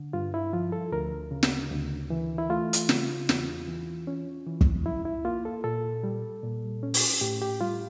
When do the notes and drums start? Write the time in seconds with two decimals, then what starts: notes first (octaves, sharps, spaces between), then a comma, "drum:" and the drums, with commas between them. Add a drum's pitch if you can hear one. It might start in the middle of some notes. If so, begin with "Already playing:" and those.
Already playing: D3
0.13 G2 F4
0.34 E4
0.53 F3 F4
0.72 A4
0.92 D2 A#4
1.31 C#3
1.43 drum: snare
1.71 D2
2.10 E3
2.38 E4
2.50 A3 F4
2.73 drum: hi-hat
2.89 C#3, drum: snare
3.29 E2, drum: snare
3.68 E3
4.07 C#4
4.46 E3
4.61 drum: kick
4.85 F2 E4
5.05 E4
5.25 A#3 F4
5.45 A4
5.64 A#2 A4
6.03 G3
6.43 A#2
6.83 C#4
6.94 drum: open hi-hat
7.21 A2 G4
7.41 G4
7.61 G3 F4